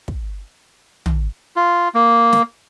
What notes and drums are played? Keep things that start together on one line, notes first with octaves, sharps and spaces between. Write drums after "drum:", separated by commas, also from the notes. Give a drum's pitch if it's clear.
drum: kick
drum: tom
F4
A#3
drum: snare